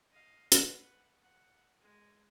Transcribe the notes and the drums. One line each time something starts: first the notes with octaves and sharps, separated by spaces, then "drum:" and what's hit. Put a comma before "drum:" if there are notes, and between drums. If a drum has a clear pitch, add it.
D#5 F5
B4 F#5, drum: hi-hat
F#5
G#3